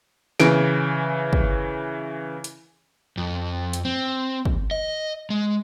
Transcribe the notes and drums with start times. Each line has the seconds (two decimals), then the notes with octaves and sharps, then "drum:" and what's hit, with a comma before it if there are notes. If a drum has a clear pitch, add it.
0.40 C#3 E3 D7, drum: snare
1.33 drum: kick
2.44 drum: hi-hat
3.17 F2
3.73 drum: hi-hat
3.85 C4
4.45 drum: kick
4.71 D#5
5.30 G#3